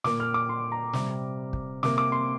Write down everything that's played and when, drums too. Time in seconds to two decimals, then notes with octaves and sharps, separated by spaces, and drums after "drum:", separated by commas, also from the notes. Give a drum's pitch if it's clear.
0.04 A#2 A#3 D6, drum: snare
0.20 F6
0.34 D6
0.49 C6
0.72 A#5
0.93 C3 G3 C4, drum: snare
1.53 drum: kick
1.83 C3 A#3 D6, drum: snare
1.98 D6
2.12 C6